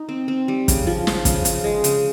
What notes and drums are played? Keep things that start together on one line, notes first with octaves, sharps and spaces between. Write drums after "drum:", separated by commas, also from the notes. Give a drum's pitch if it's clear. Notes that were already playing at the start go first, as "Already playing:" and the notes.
Already playing: D#4
C4
C4
G3
C#3, drum: kick, hi-hat
F3
F3, drum: snare
C#3, drum: kick, hi-hat
C#3, drum: hi-hat
G#3
C#3, drum: hi-hat